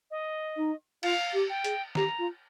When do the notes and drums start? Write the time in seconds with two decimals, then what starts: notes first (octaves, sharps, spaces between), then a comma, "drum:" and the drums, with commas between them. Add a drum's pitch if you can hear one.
0.11 D#5
0.57 D#4
1.03 F4 F5, drum: cymbal
1.33 G4
1.50 G5
1.64 G#4, drum: hi-hat
1.95 G4 A#5, drum: snare
2.19 F4